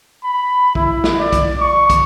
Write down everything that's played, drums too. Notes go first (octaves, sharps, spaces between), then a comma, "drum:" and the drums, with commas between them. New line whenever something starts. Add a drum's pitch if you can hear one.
B5
E4, drum: kick
drum: snare
D5
drum: kick, hi-hat
C#6
drum: kick, hi-hat